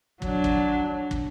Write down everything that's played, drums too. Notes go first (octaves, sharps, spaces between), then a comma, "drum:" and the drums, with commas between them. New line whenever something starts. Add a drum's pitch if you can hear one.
F#3 D4, drum: kick
drum: kick
drum: kick